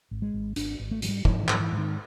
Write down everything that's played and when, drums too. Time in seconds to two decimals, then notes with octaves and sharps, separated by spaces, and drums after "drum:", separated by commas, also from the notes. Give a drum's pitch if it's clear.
0.11 G#1
0.22 G#3
0.34 G#1
0.56 G#1 D4, drum: hi-hat
0.79 G#1
0.91 A3
1.02 G#2 F#3, drum: hi-hat
1.09 G3
1.25 G#2 F3, drum: kick
1.43 E3
1.48 G#2, drum: clap
1.54 F3
1.60 E3
1.72 G#2
1.78 D#3